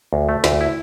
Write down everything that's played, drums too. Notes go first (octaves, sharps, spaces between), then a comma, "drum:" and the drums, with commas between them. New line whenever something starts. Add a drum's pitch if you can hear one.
D2
A3
D2, drum: snare
E4